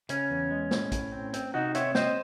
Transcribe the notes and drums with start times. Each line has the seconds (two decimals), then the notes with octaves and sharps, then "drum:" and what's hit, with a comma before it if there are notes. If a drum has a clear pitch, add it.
0.09 C#3 C#4, drum: hi-hat
0.30 E2
0.51 G#3
0.71 A2, drum: snare
0.92 A2, drum: kick, hi-hat
1.12 C4
1.34 C4, drum: hi-hat
1.54 C3 D#4 F#4
1.75 C4 C#5 E5, drum: hi-hat
1.95 C4 C5 D#5, drum: snare